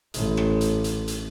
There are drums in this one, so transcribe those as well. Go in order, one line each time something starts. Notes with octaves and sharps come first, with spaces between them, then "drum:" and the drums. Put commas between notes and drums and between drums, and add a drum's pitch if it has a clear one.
A1, drum: hi-hat
drum: rim click
drum: hi-hat
drum: hi-hat
drum: hi-hat